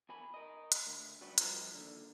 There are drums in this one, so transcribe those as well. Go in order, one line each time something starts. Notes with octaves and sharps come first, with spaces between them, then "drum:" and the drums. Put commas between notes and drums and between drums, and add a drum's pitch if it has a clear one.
E2 A#4 G#5 B5
A#4 D#5
drum: hi-hat
D2
F#2 F#3 G3 B3 F#4
G2 F3 A#4, drum: hi-hat
D#2 D3